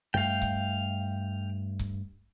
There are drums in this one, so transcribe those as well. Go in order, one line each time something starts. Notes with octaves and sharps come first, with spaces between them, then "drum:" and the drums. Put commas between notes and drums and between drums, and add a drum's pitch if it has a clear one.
G2 A3 F5 G5
drum: kick C#1
drum: kick C#1